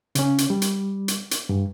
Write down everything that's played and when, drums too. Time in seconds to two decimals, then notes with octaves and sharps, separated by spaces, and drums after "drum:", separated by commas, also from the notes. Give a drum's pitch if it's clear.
0.15 C#3 C#4, drum: hi-hat
0.38 drum: hi-hat
0.50 G3
0.62 drum: hi-hat
1.08 drum: hi-hat
1.31 drum: hi-hat
1.49 G2